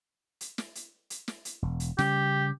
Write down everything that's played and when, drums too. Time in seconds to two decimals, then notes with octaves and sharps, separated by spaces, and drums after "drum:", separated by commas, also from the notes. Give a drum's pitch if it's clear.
0.41 drum: hi-hat
0.58 drum: snare
0.75 drum: hi-hat
1.10 drum: hi-hat
1.28 drum: snare
1.45 drum: hi-hat
1.62 E1
1.80 drum: hi-hat
1.98 C#3 G3 C#4 G4, drum: snare